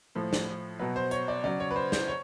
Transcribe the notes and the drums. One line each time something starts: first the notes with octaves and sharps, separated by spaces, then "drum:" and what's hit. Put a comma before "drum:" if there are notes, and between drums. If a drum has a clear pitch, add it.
A2 F3
drum: snare
B2 F#3 B4
C5
C#5, drum: hi-hat
D5
C#3 F#3 D5
C#5
B4
C5
C5, drum: snare
C#5